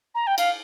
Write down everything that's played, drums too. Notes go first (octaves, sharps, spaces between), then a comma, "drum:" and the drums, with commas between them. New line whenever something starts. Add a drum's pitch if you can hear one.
A#5
G5
F5, drum: cymbal